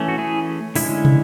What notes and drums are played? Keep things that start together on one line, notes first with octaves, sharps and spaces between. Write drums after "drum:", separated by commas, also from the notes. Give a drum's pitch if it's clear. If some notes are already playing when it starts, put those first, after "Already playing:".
Already playing: E3 A3 C#4
F#4
E4 G#4
D3 G#3 C#4 E4, drum: open hi-hat
drum: tom